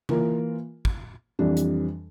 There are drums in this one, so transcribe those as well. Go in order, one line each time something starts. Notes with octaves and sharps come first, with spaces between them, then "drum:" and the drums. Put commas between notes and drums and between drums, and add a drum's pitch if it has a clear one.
E3 A#3 F4 A#4, drum: tom C#3
drum: kick
F2 E3 G3 D4
drum: hi-hat